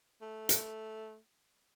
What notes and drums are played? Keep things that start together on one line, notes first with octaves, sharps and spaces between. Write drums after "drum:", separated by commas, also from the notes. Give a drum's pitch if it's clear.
A3
drum: hi-hat